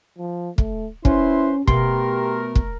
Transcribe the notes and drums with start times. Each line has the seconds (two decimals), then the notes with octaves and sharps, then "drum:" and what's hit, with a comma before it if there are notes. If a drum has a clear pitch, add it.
0.19 F3
0.58 A3, drum: kick
1.05 C#4 E4 B4 C5 C6, drum: kick
1.68 B2 A3 G4 A#4 C6, drum: kick
2.55 drum: kick